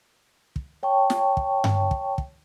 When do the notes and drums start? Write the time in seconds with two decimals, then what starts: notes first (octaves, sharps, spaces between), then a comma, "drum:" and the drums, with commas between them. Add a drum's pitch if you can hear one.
0.56 drum: kick
0.83 C#5 G5 A5 C#6
1.10 drum: snare
1.37 drum: kick
1.64 drum: tom G2
1.91 drum: kick
2.18 drum: kick